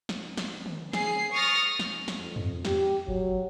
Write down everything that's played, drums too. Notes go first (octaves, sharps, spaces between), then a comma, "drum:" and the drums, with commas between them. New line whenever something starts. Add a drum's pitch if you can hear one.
drum: snare
drum: snare
drum: tom
G#4 C7, drum: snare
C#6 D#6 F6 A6 A#6
drum: snare
drum: snare
F2
drum: tom
G4, drum: snare
F#3, drum: kick F#1